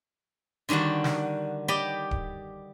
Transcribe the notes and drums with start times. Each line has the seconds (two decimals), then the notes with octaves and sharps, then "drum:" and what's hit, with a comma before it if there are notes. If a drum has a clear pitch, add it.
0.69 D3 D#3 G3 D4 F#4
1.04 drum: snare
1.68 G4 D5 D#5 G5 B5
2.11 drum: kick D1